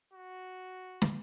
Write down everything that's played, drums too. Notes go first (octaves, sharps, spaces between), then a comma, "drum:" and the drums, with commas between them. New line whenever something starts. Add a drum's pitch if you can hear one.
F#4
drum: snare